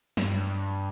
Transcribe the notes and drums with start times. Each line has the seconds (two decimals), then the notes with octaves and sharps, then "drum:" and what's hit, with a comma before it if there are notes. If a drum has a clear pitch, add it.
0.17 G2, drum: snare